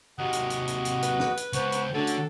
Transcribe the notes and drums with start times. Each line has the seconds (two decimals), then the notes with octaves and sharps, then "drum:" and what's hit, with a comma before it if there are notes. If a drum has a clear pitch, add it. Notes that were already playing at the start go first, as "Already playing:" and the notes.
0.19 D#2 C3 F#4 D#5 F#5
0.33 drum: hi-hat
0.50 drum: hi-hat
0.68 drum: hi-hat
0.85 drum: hi-hat
1.02 B4, drum: hi-hat
1.20 drum: snare
1.37 drum: hi-hat
1.53 C#2 B3 C5 F#5 C#6, drum: hi-hat
1.72 drum: hi-hat
1.94 D3 A3 C#4 D4 F#4 A4
2.07 drum: hi-hat